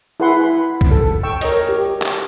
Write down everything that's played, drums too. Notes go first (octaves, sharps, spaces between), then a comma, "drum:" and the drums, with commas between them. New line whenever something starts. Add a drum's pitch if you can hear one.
E4 G#4 B4 F#5 C6
B5
drum: kick
A4
G5 C#6 E6
A#4 C#5 D#5, drum: hi-hat
G4
drum: clap